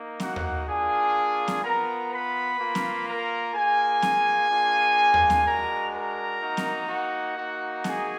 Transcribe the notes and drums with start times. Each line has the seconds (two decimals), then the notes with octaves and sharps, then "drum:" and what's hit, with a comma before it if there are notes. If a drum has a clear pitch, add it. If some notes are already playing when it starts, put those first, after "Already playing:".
Already playing: A#3 D#4
0.20 F#4 F#5, drum: snare C4
0.36 drum: tom D#2
0.67 A#3 D4 F4 G#4 G#5
1.48 drum: snare C4
1.63 B3 F4 A#4 A#5
2.11 B4 B5
2.60 A#3 F4
2.75 drum: snare C4
3.07 A#4 A#5
3.54 A#3 F4 G#4 G#5
4.02 drum: snare C4
4.50 A#3 D4 F4
5.14 drum: tom D#2
5.30 drum: snare C4
5.45 G#3 D4 F#4 A#4 A#5
5.93 A#4 A#5
6.42 A#3 D#4 F#4
6.57 drum: snare C4
6.89 F#4 F#5
7.37 A#3 D#4 F#4
7.84 G#4 G#5, drum: snare C4